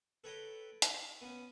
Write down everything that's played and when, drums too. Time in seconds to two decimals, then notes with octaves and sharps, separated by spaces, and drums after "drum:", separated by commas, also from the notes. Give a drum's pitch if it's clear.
0.24 A4 B4 C#5 G5 A#5
0.82 E5, drum: hi-hat
1.21 B3 C#4